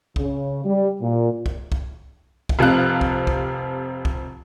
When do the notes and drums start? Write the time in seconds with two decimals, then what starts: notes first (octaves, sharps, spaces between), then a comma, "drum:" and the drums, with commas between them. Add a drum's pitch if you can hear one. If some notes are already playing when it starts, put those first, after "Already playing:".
0.16 C#3, drum: kick B1
0.64 G3
1.00 A#2
1.46 drum: kick B1
1.72 drum: kick B1
2.49 drum: kick B1
2.59 F1 C3 F3 F5 F#6
3.01 drum: kick B1
3.27 drum: kick B1
4.05 drum: kick B1